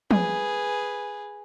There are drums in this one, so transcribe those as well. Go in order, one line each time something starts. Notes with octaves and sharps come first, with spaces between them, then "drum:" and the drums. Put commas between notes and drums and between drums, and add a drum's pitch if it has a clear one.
G#4 B4, drum: tom